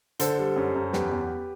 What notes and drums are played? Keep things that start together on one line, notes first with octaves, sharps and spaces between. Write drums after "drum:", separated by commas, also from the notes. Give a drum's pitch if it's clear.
D3 A4 C5, drum: hi-hat
G3
F#2
F#2
E2 G4 B4, drum: snare
E2